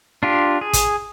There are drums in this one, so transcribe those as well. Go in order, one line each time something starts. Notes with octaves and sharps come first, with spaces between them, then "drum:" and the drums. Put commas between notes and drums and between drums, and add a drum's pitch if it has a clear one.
D4 F4 G4
G#4
drum: kick, hi-hat